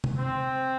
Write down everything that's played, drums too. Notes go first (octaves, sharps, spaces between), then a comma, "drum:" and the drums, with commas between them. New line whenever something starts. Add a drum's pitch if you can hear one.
drum: tom C3
C4